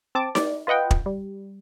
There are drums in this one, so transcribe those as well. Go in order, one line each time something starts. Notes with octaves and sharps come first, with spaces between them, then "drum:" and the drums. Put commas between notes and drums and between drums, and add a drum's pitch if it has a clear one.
C4 A5 D6
D5, drum: snare D#4
F4 B4 D#5 F#5 G5
drum: kick
G3